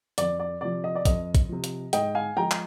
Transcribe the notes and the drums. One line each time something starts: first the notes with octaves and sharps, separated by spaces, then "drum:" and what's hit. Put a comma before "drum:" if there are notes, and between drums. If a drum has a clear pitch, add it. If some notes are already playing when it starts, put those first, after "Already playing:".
F2 D5, drum: hi-hat
D5
C3 F3 D5
D#5
D5
F2 D#5, drum: kick A#1, hi-hat
drum: kick A#1, hi-hat
C3 F3
drum: hi-hat
G#2 D#5 G5, drum: hi-hat
F5 G#5
F3 G#3 G5 A#5
drum: clap